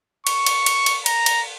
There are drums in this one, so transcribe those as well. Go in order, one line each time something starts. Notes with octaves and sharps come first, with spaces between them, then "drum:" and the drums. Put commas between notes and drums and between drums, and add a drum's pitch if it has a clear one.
C#6, drum: cymbal
drum: cymbal
drum: cymbal
drum: cymbal
A#5, drum: cymbal
drum: cymbal